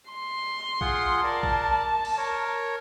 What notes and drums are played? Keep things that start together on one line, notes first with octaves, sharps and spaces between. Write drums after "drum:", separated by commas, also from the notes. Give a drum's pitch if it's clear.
C6
F4 G#4 F#5, drum: kick
A#4 D5 A5
drum: kick
drum: cymbal
A#4 C#5